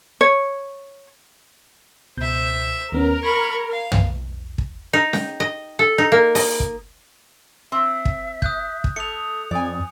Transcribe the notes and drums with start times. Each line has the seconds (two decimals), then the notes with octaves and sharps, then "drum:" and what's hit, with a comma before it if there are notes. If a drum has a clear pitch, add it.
0.21 C#5
2.17 C#2 B2 C5 E5 G6
2.92 D#2 B3 C#4 A#4
3.23 B5 C#6 G#6
3.72 F5
3.92 drum: tom
4.58 drum: kick
4.93 D#4
5.13 G5, drum: snare C#4
5.40 D#5
5.79 A4
5.98 D#4
6.12 A#3
6.35 D#5, drum: open hi-hat
6.60 drum: kick
7.72 C4 E5
8.05 drum: kick
8.42 D#6 F#6 G6, drum: kick
8.84 drum: kick
8.96 A3 D#6 C#7 F7
9.51 F2 D5 G#5